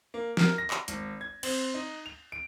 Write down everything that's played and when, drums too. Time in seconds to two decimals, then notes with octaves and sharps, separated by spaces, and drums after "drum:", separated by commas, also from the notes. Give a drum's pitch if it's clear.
0.14 A#3
0.37 A#4, drum: snare
0.58 A#6
0.70 drum: clap
0.88 G#1, drum: hi-hat
1.21 G#6
1.43 C4, drum: cymbal
1.74 D#4
2.06 F7
2.32 D7